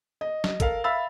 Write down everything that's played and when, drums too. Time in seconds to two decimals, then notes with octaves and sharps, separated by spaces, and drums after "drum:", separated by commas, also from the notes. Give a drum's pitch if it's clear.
0.21 D#5
0.44 drum: snare
0.60 A4 A#4 F5, drum: kick, hi-hat
0.84 E5 F5 B5 E6 A6